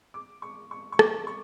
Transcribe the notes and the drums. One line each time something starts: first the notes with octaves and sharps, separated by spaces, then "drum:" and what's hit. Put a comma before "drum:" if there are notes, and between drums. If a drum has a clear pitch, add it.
D6
C#6
C#6
C#6
D6, drum: rim click
C#6